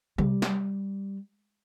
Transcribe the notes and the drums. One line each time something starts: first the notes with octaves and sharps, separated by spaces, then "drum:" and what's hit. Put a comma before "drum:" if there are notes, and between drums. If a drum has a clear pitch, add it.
G3, drum: tom C3
drum: snare